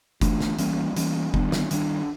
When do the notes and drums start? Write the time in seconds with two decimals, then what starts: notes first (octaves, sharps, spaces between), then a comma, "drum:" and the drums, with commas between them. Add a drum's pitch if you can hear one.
0.21 E3 A3 D4, drum: kick F1, hi-hat
0.40 drum: snare
0.59 E3 G3 A#3 C#4, drum: hi-hat
0.96 E3 G3 A#3 C#4, drum: hi-hat
1.34 D#3 G3 B3 D4, drum: kick F1
1.52 drum: snare
1.71 D#3 G3 B3 D4, drum: hi-hat